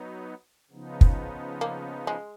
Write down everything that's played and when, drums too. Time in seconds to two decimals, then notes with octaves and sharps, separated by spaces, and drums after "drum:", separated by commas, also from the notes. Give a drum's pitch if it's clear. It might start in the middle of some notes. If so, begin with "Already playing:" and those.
Already playing: F#3 B3 D#4
0.71 C#3 F3 B3 D#4
1.01 drum: kick
1.61 A#3
2.07 G#3